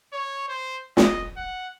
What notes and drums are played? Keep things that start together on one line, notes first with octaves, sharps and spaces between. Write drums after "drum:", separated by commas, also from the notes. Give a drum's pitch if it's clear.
C#5
C5
D#5, drum: snare
F#5